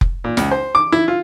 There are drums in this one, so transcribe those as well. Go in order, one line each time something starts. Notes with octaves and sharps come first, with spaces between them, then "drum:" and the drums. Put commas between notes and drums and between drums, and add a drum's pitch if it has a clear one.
drum: kick F1
A#2
C#2, drum: snare
C5
D6
E4
F4